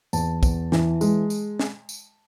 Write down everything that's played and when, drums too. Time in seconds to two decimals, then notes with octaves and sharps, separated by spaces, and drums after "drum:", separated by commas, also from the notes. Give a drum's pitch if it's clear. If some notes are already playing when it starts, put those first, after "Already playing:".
0.13 E2 A5, drum: tambourine
0.43 E2, drum: kick, tambourine
0.72 E3, drum: snare
1.01 G#3, drum: tambourine
1.30 drum: tambourine
1.59 drum: snare
1.89 drum: tambourine